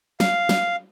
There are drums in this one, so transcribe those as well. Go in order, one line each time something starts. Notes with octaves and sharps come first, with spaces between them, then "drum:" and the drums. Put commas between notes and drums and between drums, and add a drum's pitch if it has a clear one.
F5, drum: snare
drum: snare